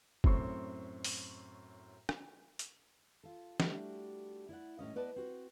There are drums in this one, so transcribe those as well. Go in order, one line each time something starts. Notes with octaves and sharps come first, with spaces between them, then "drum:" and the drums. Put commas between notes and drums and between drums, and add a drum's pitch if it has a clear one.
F#2 A2 C4 C6 C#6, drum: kick
drum: open hi-hat
drum: rim click
drum: hi-hat
F4 A4
G3 A3 D4 E4 F#4 G4, drum: snare
E4 D5 F#5
A2 A#3 C#4 D#5
B3 B4 D5 D#5 A5
C4 F#4